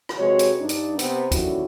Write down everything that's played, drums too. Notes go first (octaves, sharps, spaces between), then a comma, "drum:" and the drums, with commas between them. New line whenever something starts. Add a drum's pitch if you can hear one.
drum: rim click
C3 G#3 F#4 B4 C#5
drum: hi-hat
G2 D4 D#4
drum: hi-hat
C3 B3, drum: hi-hat
D#2 A2 D3 C#4 E4 F#4, drum: kick, hi-hat